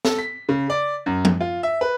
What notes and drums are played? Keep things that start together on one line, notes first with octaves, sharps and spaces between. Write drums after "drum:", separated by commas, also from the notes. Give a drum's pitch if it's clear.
A4, drum: snare
B6
C#3
D5
F#2
drum: tom
F4
E5
B4